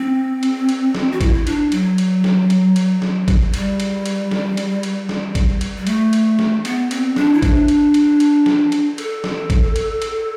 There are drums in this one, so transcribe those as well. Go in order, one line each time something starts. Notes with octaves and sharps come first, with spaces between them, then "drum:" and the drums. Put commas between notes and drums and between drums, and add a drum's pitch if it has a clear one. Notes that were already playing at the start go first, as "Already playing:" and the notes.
Already playing: C4
drum: cymbal
drum: cymbal
drum: snare
F#4
E4, drum: kick, cymbal
D4, drum: cymbal
F#3, drum: cymbal
drum: cymbal
drum: snare
drum: cymbal
drum: cymbal
drum: snare
drum: kick, cymbal
G3, drum: cymbal
drum: cymbal
drum: cymbal
drum: snare
drum: cymbal
drum: cymbal
drum: snare
drum: kick, cymbal
drum: cymbal
G3
A3, drum: cymbal
drum: cymbal
drum: snare
B3, drum: cymbal
C4, drum: cymbal
D4, drum: snare
E4
D4, drum: kick, cymbal
drum: cymbal
drum: cymbal
drum: cymbal
drum: snare
drum: cymbal
A4, drum: cymbal
drum: snare
drum: kick, cymbal
drum: cymbal
drum: cymbal